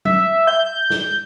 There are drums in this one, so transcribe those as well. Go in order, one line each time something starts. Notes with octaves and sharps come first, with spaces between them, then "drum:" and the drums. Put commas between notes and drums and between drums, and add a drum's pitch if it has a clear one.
E5, drum: tom F#3
G6
drum: snare